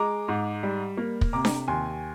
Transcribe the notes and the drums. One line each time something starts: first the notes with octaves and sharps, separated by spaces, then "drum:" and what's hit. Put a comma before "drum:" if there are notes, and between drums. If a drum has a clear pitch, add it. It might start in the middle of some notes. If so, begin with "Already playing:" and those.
Already playing: G#3 A#5 D6
G#2
G3
A#3
drum: kick
C3 A#5 D6
drum: snare D4
D#2 G#5 C6